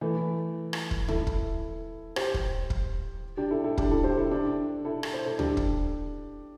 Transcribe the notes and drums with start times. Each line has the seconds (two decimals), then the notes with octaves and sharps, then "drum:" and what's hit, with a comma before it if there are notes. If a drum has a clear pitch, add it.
0.01 E3 A3
0.73 drum: rim click
0.91 drum: kick
1.08 E4 A4, drum: tom C#2
1.27 drum: kick
2.16 G4 C5, drum: rim click
2.34 drum: kick
2.70 drum: kick
3.37 D4 G4
3.51 E4 A4
3.64 E4 A4
3.78 D4 G4, drum: kick
3.91 E4 A4
4.04 G4 C5
4.17 E4 A4
4.31 D4 G4
4.85 E4 A4
5.03 drum: rim click
5.14 C5
5.26 A4
5.39 D4 G4, drum: tom C#2
5.57 drum: kick